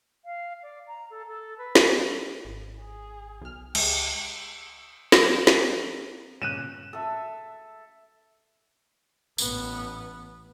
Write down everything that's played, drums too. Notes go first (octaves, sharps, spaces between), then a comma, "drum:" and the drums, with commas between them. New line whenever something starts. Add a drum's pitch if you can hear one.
F5
D5
A#5
A4
A4
B4
drum: snare
G#1
G#4
B1 F6
C#2 G#3 G4, drum: cymbal
F3 F#4 A#4, drum: snare
drum: snare
C4
G2 A#2 C#3 C#4 F#6 D#7 E7
A4 E5
A1 B3, drum: tambourine